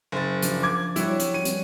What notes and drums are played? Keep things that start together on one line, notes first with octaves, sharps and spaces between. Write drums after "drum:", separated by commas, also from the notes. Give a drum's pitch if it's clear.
F#1 A6
F3 D4, drum: hi-hat
D6 G#6
G3 E4 F#4 C#5, drum: hi-hat
drum: hi-hat
C#4 D#7
drum: hi-hat